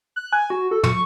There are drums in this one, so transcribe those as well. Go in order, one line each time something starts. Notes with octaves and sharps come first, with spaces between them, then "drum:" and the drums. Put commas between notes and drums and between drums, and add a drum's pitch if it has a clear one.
F#6
G#5
F#4
A4
C#6, drum: tom